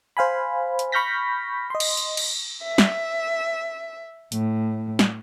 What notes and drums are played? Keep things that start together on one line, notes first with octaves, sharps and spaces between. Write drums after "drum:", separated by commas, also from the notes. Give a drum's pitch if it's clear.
C5 F5 G#5 B5
drum: hi-hat
B5 C#6 F6 G6 A#6 B6
D#5 C6
drum: cymbal
drum: hi-hat
drum: cymbal
E5
drum: snare
A2, drum: hi-hat
drum: snare